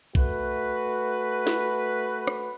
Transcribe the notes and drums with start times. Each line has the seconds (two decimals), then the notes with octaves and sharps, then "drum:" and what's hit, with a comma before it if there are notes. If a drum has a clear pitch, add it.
0.15 A3 F#4 B4, drum: kick B1
1.47 drum: snare
2.27 drum: rim click